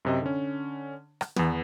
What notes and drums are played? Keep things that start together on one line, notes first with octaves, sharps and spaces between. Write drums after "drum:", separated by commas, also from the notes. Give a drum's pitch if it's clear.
F#2 C3 D#5
D3 C#4
drum: rim click
E2 B3, drum: tom